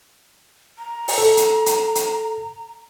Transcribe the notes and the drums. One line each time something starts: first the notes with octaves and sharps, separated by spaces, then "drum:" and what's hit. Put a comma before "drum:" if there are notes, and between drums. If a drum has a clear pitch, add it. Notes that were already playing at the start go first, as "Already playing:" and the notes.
A#5
drum: open hi-hat
A4
drum: hi-hat
drum: hi-hat
drum: hi-hat